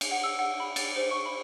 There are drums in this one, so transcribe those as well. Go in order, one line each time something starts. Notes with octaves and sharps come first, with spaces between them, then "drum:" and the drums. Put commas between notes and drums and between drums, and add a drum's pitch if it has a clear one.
drum: cymbal
F#5
E6
F#5
B5
A6, drum: cymbal
C5
C#6
B5